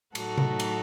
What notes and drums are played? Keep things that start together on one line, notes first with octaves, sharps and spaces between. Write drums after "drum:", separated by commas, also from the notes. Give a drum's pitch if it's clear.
A2 F#3 A3 D#4 F#4 A4, drum: cymbal
drum: tom C3
drum: cymbal